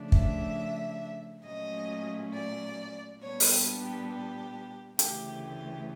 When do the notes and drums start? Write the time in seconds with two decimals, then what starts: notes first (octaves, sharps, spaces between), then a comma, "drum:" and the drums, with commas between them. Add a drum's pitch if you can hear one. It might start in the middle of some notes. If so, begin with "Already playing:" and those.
Already playing: C#3 F3 A3 D4
0.12 E5, drum: kick
1.45 A#2 F#3 A3 C#4 D#5
2.34 D5
3.22 A#2 G3 B3 D4 C#5
3.40 drum: open hi-hat
3.51 G4
3.81 G4
4.11 G4
4.99 D2 C#3 E3 A3 G4, drum: hi-hat
5.43 G4